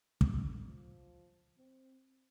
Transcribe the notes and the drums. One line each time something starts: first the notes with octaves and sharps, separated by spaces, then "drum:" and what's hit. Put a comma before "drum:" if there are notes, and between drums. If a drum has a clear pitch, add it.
D3, drum: kick
F3
C4